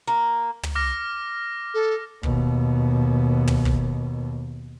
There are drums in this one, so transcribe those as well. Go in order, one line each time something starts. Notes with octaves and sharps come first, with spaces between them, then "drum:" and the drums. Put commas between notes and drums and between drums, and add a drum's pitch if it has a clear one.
A#3
drum: tom
D6 F6 A#6
A4
D#2 B2, drum: kick
drum: tom
drum: kick